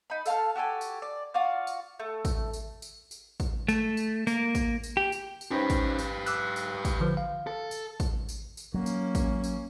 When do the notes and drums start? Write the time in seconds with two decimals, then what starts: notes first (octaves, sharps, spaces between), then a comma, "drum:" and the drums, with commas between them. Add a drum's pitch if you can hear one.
0.10 D#4 B5
0.26 A4 F5 A5 F6, drum: tambourine
0.55 F#4 G4 A4 G#5
0.81 drum: tambourine
1.02 D5
1.34 F4 F#4 D5 F5
1.67 drum: tambourine
1.99 A3
2.25 drum: kick, tambourine
2.53 drum: tambourine
2.82 drum: tambourine
3.11 drum: tambourine
3.40 drum: kick, tambourine
3.68 A3, drum: tambourine
3.97 drum: tambourine
4.27 A#3, drum: tambourine
4.55 drum: kick, tambourine
4.83 drum: tambourine
4.97 G4
5.12 drum: tambourine
5.41 drum: tambourine
5.51 C#4 D#4 G4 B4 C5
5.70 drum: kick, tambourine
5.98 drum: tambourine
6.26 D6 E6 F#6, drum: tambourine
6.56 drum: tambourine
6.85 drum: kick, tambourine
7.00 D3 F3 B4
7.17 F5
7.47 A4
7.71 drum: tambourine
8.00 drum: kick, tambourine
8.29 drum: tambourine
8.57 drum: tambourine
8.74 F#3 A#3 C#4
8.86 drum: tambourine
9.15 drum: kick, tambourine
9.44 drum: tambourine